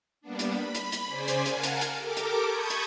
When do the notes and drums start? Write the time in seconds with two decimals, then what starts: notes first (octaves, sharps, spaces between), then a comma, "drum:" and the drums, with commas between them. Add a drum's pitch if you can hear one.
0.21 G3 A#3 B3 D4
0.39 drum: hi-hat
0.52 B5
0.75 drum: hi-hat
0.92 drum: hi-hat
1.05 C#3 C5 D5 G#5 B6
1.28 drum: hi-hat
1.46 A#4 F5 F#5 G#5 A5, drum: hi-hat
1.63 drum: hi-hat
1.81 drum: hi-hat
1.96 G4 A4 A#4 D6
2.17 drum: hi-hat
2.43 A5 B5 C#6 D#6 G6 G#6
2.70 drum: hi-hat